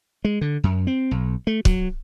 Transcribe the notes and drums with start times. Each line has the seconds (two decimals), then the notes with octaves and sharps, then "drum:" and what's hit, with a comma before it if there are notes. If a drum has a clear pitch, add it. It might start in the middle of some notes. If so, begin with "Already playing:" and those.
0.25 G#3
0.41 D3
0.64 F#2
0.87 C4
1.11 B1
1.47 A3
1.65 F#3, drum: kick